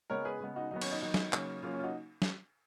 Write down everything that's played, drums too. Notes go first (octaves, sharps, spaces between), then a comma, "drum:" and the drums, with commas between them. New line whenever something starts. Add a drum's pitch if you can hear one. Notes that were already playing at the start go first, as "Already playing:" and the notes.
C#3 G#3 B3 A#4 C#5
G#4 B4
C#3 G#3 B3
D#4 F#4
D#3 F#3 B3 D#4
C#4, drum: cymbal
D#4
D#3 F#3 B3 D#4
drum: snare
C#3 F#3 A#3 C#4, drum: clap
C#3 F#3 A#3 C#4 F4
C#4
F4
D#4 F#4
drum: snare